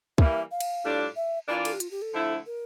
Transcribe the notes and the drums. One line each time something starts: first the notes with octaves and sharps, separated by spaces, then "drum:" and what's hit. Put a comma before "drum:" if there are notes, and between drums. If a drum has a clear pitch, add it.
E3 G3 A#3 E5, drum: kick
F5
drum: cymbal
A2 G3 D4 F4
E5
E3 A#3 D4 F4 D5
A4, drum: cymbal
G4
F4, drum: hi-hat
G4
A4
D3 F3 A3 E4
A#4